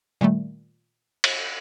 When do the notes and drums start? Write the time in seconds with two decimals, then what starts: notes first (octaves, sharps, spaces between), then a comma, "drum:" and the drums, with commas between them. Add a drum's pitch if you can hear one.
0.21 A#2 D#3 G3 A3
1.24 drum: cymbal